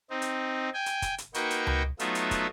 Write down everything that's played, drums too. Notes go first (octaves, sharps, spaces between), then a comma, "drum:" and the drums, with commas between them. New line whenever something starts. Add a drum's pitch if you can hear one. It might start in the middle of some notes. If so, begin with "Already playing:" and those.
C4 D#4
drum: hi-hat
G5 G#5
drum: hi-hat
drum: kick, hi-hat
drum: hi-hat
A#3 D#4 F#4 B4 G5 C#6, drum: hi-hat
drum: hi-hat
drum: tom C#2
F#3 A3 B3 D#4 F4 E5, drum: hi-hat
drum: hi-hat
drum: kick, hi-hat